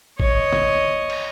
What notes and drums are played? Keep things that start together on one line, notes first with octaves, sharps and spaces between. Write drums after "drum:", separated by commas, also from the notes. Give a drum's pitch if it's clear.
C#5 D#5, drum: kick G#1
drum: snare
drum: cymbal